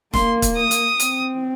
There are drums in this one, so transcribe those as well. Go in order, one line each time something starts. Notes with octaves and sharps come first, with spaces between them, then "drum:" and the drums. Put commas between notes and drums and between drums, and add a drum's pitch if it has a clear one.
A#3 C6, drum: snare
drum: kick, hi-hat
D#6
drum: hi-hat
C4, drum: hi-hat